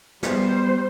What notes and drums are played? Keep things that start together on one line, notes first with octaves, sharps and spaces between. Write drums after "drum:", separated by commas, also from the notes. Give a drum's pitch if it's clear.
G3 B3 C5, drum: snare